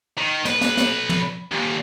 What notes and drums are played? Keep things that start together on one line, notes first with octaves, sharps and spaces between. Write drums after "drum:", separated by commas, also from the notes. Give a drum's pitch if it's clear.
D#3
B1 B4, drum: snare
drum: snare
drum: snare
drum: tom
D#2 A#2